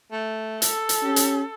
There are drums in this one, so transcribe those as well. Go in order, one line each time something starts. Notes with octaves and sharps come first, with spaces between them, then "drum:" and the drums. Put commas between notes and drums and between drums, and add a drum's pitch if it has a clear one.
A3
A4, drum: hi-hat
drum: hi-hat
C#4 G4
drum: hi-hat